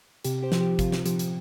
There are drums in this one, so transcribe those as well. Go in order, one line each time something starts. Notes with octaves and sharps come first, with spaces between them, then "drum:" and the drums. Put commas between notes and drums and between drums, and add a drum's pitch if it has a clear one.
C3 G4, drum: hi-hat
G4 C5
F3, drum: snare
G4
C3 F4, drum: kick, hi-hat
drum: snare
F3 G4, drum: hi-hat
drum: hi-hat